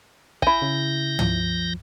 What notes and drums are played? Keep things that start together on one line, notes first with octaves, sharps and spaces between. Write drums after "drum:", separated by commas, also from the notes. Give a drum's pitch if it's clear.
E4 G#5 G6 A#6, drum: kick
C#3
F3, drum: tom